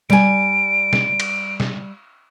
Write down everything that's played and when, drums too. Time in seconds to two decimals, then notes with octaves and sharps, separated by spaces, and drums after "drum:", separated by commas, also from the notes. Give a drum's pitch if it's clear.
0.10 G3 G#5 D7, drum: snare
0.93 drum: snare
1.20 drum: cymbal
1.60 drum: snare